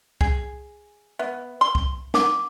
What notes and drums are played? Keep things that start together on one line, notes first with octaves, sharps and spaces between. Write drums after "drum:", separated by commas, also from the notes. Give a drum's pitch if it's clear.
G#4, drum: kick C2
B3 E5
C6
drum: kick C2
F#5 D6, drum: snare